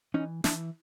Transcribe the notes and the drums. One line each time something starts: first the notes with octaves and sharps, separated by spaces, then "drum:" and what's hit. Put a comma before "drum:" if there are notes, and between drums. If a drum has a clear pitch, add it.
E3 C#4 D#4
E3 D4 E4, drum: snare